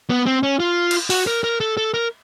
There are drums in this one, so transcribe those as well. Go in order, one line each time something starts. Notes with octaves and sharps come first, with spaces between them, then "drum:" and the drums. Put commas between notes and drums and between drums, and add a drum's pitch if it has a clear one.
B3
C4
C#4
F4
drum: cymbal
F#4, drum: open hi-hat
A#4
A#4
A4
A4
A#4